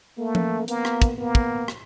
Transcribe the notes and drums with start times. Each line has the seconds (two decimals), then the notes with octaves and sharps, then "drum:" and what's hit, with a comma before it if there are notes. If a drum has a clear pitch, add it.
0.18 A3 A#3
0.35 drum: tom F3
0.68 A#3 B3, drum: hi-hat
0.85 drum: rim click
1.02 drum: kick, hi-hat
1.18 A#3 B3
1.35 drum: kick
1.68 drum: rim click